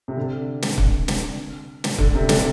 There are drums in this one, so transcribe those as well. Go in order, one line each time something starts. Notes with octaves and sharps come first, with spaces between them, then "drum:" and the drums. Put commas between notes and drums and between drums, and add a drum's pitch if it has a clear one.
C3
D3
drum: snare
drum: kick
drum: snare
drum: snare
D3, drum: kick
C3
D3, drum: snare